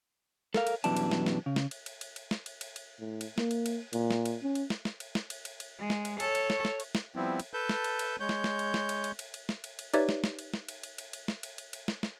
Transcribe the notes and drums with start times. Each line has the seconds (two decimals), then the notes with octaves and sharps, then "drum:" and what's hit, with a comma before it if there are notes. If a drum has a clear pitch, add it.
0.54 A4 A#4 F5, drum: snare
0.67 drum: cymbal
0.84 F#2 B2 E3 G3 D4 A5, drum: cymbal
0.97 drum: cymbal
1.11 drum: snare
1.26 drum: snare
1.46 C#3
1.56 drum: snare
1.71 drum: cymbal
1.86 drum: cymbal
2.01 drum: cymbal
2.16 drum: cymbal
2.31 drum: snare
2.46 drum: cymbal
2.61 drum: cymbal
2.76 drum: cymbal
2.99 A2
3.21 drum: cymbal
3.38 A#3, drum: snare
3.51 drum: cymbal
3.66 drum: cymbal
3.93 A#2, drum: cymbal
4.11 drum: snare
4.26 drum: cymbal
4.43 C#4
4.55 drum: cymbal
4.70 drum: snare
4.85 drum: snare
5.00 drum: cymbal
5.15 drum: snare
5.30 drum: cymbal
5.45 drum: cymbal
5.60 drum: cymbal
5.79 G#3
5.90 drum: snare
6.05 drum: cymbal
6.20 A4 C#5, drum: cymbal
6.35 drum: cymbal
6.50 drum: snare
6.65 drum: snare
6.80 drum: cymbal
6.95 drum: snare
7.16 F3 G3 B3 C4 E4
7.40 drum: cymbal
7.54 A4 B4 A5 G6
7.69 drum: snare
7.84 drum: cymbal
7.99 drum: cymbal
8.20 G#3 C#5 G6
8.29 drum: snare
8.44 drum: snare
8.59 drum: cymbal
8.74 drum: snare
8.89 drum: cymbal
9.04 drum: cymbal
9.19 drum: cymbal
9.34 drum: cymbal
9.49 drum: snare
9.64 drum: cymbal
9.79 drum: cymbal
9.94 D#4 G4 B4 C#5 D5 E5, drum: cymbal
10.09 drum: snare
10.24 drum: snare
10.39 drum: cymbal
10.54 drum: snare
10.69 drum: cymbal
10.83 drum: cymbal
10.98 drum: cymbal
11.13 drum: cymbal
11.28 drum: snare
11.43 drum: cymbal
11.58 drum: cymbal
11.73 drum: cymbal
11.88 drum: snare
12.03 drum: snare